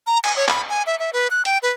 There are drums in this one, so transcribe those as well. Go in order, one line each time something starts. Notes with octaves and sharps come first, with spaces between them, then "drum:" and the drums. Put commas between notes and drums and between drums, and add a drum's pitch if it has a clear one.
A#5
G#5, drum: cymbal
C#5
B5, drum: clap
G#5
E5
E5
B4
F#6
G5, drum: hi-hat
B4